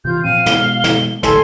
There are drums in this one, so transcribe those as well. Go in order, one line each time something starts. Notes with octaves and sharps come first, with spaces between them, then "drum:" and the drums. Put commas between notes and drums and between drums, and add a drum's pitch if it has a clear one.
C3 E3 F4 G6
A#2 F3 C4 F5 D#7
B2 G#3 B3 G7, drum: snare
drum: snare
A1 D2 A4 G#5 C6, drum: snare